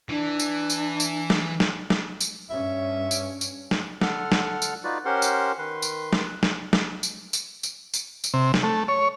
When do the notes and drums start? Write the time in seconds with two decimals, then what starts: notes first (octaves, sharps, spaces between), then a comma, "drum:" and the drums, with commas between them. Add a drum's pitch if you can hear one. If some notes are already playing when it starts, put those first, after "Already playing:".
0.09 E3 D4
0.40 drum: tambourine
0.70 drum: tambourine
1.00 drum: tambourine
1.30 drum: snare
1.60 drum: snare
1.90 drum: snare
2.20 drum: tambourine
2.50 G2 C#4 E5
3.11 drum: tambourine
3.41 drum: tambourine
3.71 drum: snare
4.01 D3 A4 F#5 F6, drum: snare
4.32 drum: snare
4.62 drum: tambourine
4.84 D#4 F4 F#4 B4 D5
5.05 C#4 G4 A#4 C5 F#5 C6
5.22 drum: tambourine
5.58 D#3 B4 C6
5.82 drum: tambourine
6.13 drum: snare
6.43 drum: snare
6.73 drum: snare
7.03 drum: tambourine
7.33 drum: tambourine
7.63 drum: tambourine
7.94 drum: tambourine
8.24 drum: tambourine
8.34 C3
8.54 drum: snare
8.63 A3
8.88 C#5